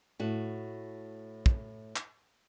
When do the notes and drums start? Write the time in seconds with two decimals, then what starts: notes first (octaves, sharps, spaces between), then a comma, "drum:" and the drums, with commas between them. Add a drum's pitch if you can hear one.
0.20 A2 F#4
1.46 drum: kick
1.96 drum: clap